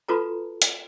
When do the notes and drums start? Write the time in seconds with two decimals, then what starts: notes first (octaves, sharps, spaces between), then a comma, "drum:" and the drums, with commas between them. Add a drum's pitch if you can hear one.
0.08 F4 F#4 A4 B4 A5 A#5
0.62 drum: hi-hat